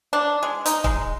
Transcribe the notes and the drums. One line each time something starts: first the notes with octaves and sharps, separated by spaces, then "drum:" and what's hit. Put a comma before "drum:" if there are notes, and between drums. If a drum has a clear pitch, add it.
D4
G#3
D#4, drum: hi-hat
G#3, drum: kick